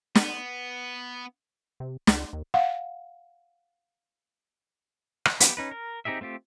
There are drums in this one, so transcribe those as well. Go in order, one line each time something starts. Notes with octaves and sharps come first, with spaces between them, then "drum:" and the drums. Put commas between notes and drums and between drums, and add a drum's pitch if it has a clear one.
B3, drum: snare
C3
C#2, drum: snare
D#2
F5 F#5
drum: rim click
B3 G4, drum: hi-hat
C#4 D#4 B4
A#4
C4 D#4 G4 G#4 E5
A3 C4 F4 G4